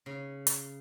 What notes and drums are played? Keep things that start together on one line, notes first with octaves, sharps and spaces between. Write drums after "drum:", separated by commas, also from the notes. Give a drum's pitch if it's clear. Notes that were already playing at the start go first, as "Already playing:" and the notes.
C#3
drum: hi-hat